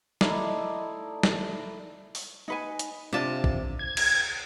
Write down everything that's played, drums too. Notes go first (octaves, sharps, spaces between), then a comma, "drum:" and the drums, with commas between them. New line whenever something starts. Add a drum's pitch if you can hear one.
A3 D#4 E4 D5, drum: snare
drum: snare
drum: open hi-hat
D#4 B4 G#5
drum: hi-hat
C3 D4 F4 D5 A5
drum: kick
G#6
drum: cymbal